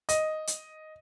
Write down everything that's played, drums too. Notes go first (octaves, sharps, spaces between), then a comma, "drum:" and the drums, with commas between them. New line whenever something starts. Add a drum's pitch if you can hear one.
D#5, drum: hi-hat
drum: hi-hat